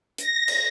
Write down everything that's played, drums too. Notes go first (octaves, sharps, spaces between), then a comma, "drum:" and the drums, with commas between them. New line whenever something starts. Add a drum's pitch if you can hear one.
A#6, drum: hi-hat
drum: cymbal